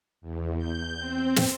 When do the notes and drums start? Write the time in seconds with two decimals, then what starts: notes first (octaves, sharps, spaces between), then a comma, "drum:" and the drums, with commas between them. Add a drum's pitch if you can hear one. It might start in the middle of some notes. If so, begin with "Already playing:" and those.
0.21 E2
0.58 G6
0.99 C4
1.36 drum: snare